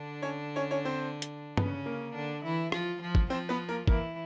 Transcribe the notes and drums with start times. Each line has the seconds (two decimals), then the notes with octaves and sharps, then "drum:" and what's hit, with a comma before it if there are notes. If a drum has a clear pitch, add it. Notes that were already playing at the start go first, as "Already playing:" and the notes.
Already playing: D3 D4
0.22 C#4 C#5
0.56 C#4 C#5
0.71 C#4 C#5
0.85 C4 C5
1.22 drum: hi-hat
1.57 C#3 B3 C#4 B4, drum: tom
1.86 A#3 A#4
2.14 D3 D4
2.45 E3 E4
2.72 F3 F4, drum: rim click
3.01 F3 F4
3.15 drum: kick
3.30 F3 C4 F4 C5
3.49 B3 B4
3.69 A#3 A#4
3.87 E3 A#3 E4 A#4, drum: kick